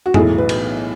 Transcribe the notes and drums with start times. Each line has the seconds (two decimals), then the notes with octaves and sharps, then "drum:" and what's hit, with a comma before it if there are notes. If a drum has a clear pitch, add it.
0.06 F#4
0.14 B1 A2 E3 G#4, drum: tom F2
0.38 B4
0.49 drum: cymbal